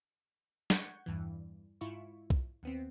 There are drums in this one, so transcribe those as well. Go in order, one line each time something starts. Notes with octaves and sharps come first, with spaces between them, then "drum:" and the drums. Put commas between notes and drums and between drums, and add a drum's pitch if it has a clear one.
F#5 C#6 G6 G#6 C#7, drum: snare
E2 G2 E3
G#2 E4 F4 C#6
drum: kick B1
D#2 B3 C4